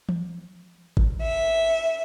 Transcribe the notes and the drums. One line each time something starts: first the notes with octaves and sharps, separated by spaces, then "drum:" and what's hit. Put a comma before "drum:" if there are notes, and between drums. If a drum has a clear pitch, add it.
drum: tom E3
drum: kick G#1
E5